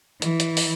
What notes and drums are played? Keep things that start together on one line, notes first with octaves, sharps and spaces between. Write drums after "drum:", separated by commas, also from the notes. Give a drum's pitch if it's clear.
E3, drum: hi-hat
drum: hi-hat
drum: open hi-hat